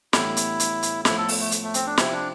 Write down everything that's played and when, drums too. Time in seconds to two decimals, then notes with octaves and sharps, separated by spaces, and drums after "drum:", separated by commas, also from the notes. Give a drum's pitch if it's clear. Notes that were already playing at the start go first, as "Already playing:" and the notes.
0.13 A2 E3 G3 B3 D4 E4, drum: snare
0.37 drum: hi-hat
0.60 drum: hi-hat
0.83 drum: hi-hat
1.05 A2 F3 B3 E4, drum: snare
1.18 A4
1.29 drum: open hi-hat
1.40 A3
1.52 drum: hi-hat
1.63 A3
1.74 C4, drum: hi-hat
1.87 D4
1.98 C3 F3 C4 E4, drum: snare
2.12 D4